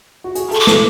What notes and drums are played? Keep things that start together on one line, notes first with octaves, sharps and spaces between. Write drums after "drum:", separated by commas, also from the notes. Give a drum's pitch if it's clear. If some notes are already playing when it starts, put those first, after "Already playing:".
F#4
G#4, drum: hi-hat
A4 C#6, drum: hi-hat
D6
A4, drum: snare